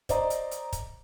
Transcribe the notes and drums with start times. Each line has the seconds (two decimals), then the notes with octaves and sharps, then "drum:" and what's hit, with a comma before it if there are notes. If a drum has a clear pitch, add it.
0.09 C5 D5 D#5 A#5, drum: kick, hi-hat
0.30 drum: hi-hat
0.51 drum: hi-hat
0.73 drum: kick, hi-hat